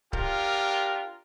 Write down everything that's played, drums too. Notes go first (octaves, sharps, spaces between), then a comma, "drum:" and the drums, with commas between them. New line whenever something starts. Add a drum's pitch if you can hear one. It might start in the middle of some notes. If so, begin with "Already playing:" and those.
D4 F4 G4 A#4, drum: kick C#1